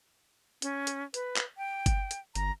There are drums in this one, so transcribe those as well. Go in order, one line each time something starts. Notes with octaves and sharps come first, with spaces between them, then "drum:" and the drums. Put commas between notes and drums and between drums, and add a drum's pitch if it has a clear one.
C#4, drum: hi-hat
drum: hi-hat
B4, drum: hi-hat
drum: clap
G5
drum: kick G1, hi-hat
drum: hi-hat
G1 A#5, drum: hi-hat